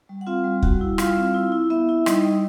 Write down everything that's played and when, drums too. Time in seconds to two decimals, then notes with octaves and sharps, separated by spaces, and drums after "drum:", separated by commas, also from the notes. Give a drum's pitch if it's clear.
0.09 G3
0.21 F#5
0.27 C4 F4 F5
0.44 G3
0.62 G3 F#4 F#5, drum: kick
0.81 E4
0.98 G3 F4 F5, drum: rim click
1.17 C4
1.34 E4
1.52 E4
1.70 B3 E4 E5
1.89 E4
2.06 G3 D#4 D#5, drum: rim click
2.25 G3